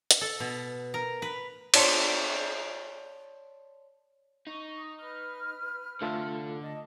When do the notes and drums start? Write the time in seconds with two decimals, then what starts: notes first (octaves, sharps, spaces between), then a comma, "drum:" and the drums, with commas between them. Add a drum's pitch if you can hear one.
0.11 drum: hi-hat
0.21 A4
0.40 B2
0.94 A#4
1.22 B4
1.74 C#5 D5 A5 C6 C#7, drum: cymbal
4.47 D#4 C#6
4.98 B4 F6
6.02 D3 A3 F4 A4
6.60 D#5 A5